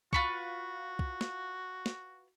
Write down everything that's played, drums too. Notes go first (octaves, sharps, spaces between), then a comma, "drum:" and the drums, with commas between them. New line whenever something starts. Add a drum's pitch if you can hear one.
F4 F#4 B4 C#6, drum: kick
drum: kick
drum: snare
drum: snare